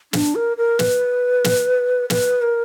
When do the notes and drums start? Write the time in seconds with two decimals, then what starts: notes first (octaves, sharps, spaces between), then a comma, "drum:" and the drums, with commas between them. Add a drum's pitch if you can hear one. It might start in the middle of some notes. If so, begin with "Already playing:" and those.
0.13 D4, drum: snare
0.35 A#4
0.57 A#4
0.79 B4, drum: snare
1.44 drum: snare
2.10 B4, drum: snare
2.42 A#4